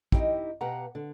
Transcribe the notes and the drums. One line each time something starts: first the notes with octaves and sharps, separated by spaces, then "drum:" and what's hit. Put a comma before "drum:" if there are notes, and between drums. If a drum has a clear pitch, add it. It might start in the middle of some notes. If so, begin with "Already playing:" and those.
C4 D#4 E4 G4 D#5, drum: kick
B2 G4 B4 F5 F#5 A#5
D3